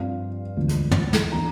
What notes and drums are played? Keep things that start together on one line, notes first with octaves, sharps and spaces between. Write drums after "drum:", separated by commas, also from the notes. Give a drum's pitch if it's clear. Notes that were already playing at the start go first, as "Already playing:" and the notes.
Already playing: G2 F3 C4 F5
E1 D2 D3 F3
drum: hi-hat
drum: tom
drum: snare
E3 A#3 D4 A#5